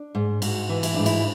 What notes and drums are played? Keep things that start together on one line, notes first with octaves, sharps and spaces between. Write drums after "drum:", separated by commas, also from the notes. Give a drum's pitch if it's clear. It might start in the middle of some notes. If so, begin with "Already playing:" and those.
Already playing: D4
G#2
G#2 F#4, drum: cymbal
E3
E4, drum: cymbal
G#2 D4
E4, drum: cymbal